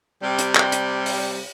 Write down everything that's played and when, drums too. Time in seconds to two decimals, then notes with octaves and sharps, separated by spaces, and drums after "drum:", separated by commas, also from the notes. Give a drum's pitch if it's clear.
0.22 C3 G3
0.39 drum: hi-hat
0.55 drum: clap
0.72 drum: hi-hat
1.06 drum: open hi-hat